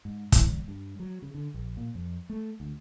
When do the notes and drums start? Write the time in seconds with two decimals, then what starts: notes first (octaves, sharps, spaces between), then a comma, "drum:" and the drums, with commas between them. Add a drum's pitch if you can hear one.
0.05 G#2
0.32 E3, drum: kick, hi-hat
0.45 E2
0.68 G2
1.00 F#3
1.22 C#3
1.34 D3
1.54 A#1
1.77 A#2
1.95 F2
2.29 A3
2.60 D2